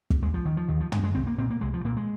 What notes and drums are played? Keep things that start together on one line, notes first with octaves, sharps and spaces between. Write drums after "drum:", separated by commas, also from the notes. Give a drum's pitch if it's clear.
drum: kick
D#2 G#3
F3
D#3
F3
D#2 D#3
F3
G#3, drum: tom
G#3
C2 C4
A#3
A#2 C4
A#3
C2 G#3
F3
A#2 A#3
G#3